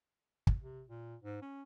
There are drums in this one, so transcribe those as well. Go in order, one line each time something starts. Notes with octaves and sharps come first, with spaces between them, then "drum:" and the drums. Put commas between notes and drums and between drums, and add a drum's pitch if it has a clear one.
drum: kick
C3
A#2
G#2
C#4